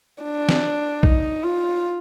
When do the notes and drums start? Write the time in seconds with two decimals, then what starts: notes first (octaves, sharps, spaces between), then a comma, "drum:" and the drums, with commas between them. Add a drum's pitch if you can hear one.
0.23 D4
0.49 drum: snare
1.03 D#4, drum: kick A#1
1.43 F4